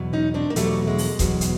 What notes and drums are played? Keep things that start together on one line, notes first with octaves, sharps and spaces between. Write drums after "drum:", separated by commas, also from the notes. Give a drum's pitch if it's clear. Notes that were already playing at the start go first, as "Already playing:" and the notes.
Already playing: E2 B2 F#3
C#4 D#4
C4 D4
A#3
E2 B2 F#3 G3 A3, drum: hi-hat
G#3
drum: open hi-hat
E2 B2 F#3, drum: kick F1, hi-hat
drum: hi-hat